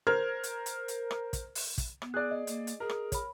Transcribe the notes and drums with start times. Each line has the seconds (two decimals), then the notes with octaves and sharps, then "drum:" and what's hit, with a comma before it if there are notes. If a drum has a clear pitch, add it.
0.07 A#4 C5 F6 G#6
0.43 drum: hi-hat
0.66 drum: hi-hat
0.88 drum: hi-hat
1.11 drum: rim click
1.33 drum: kick, hi-hat
1.55 drum: open hi-hat
1.78 drum: kick, hi-hat
2.02 B3, drum: rim click
2.14 G#4 D5 F#6
2.31 D#5
2.47 A#3, drum: hi-hat
2.67 drum: hi-hat
2.80 G#4 A#4
2.89 drum: rim click
3.12 C#5 B5, drum: kick, hi-hat